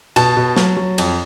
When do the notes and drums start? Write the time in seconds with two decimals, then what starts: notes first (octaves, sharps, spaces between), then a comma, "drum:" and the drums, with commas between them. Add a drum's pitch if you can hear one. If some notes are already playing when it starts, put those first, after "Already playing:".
0.16 B2 A5, drum: cymbal
0.37 B2
0.56 F#3, drum: snare
0.77 F#3
0.98 F2, drum: cymbal